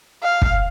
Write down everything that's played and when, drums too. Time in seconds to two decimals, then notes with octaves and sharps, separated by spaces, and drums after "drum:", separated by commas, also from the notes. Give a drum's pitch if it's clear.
0.23 F5
0.42 drum: kick